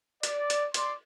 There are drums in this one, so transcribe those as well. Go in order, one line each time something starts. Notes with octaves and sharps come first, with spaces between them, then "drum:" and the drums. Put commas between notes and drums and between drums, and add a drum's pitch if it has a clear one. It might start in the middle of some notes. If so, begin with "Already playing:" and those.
D5, drum: hi-hat
drum: hi-hat
D5 C6, drum: hi-hat